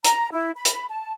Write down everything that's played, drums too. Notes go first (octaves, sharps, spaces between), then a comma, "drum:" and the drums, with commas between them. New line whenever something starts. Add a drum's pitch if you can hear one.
A#5, drum: hi-hat
E4
B5
drum: hi-hat
A5